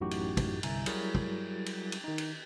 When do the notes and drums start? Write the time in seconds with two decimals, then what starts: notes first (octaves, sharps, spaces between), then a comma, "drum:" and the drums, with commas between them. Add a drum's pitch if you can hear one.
0.01 A1 F#2 A2 D#4 F#4 G4
0.11 drum: cymbal
0.37 drum: kick, cymbal
0.63 G1 C2 E5 G#5 A#5, drum: cymbal
0.86 F#3 G3 E4 F#4 G#4 A#4, drum: cymbal
1.15 drum: kick
1.66 drum: cymbal
1.92 drum: cymbal
2.04 D#3 D#4
2.18 drum: cymbal